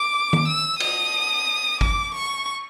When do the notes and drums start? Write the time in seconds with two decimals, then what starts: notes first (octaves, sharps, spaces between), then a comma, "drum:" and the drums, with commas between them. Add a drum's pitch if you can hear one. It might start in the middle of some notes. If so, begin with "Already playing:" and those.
Already playing: D6
0.33 drum: tom
0.47 E6
0.80 D#6, drum: cymbal
1.81 D6, drum: kick G1
2.14 C#6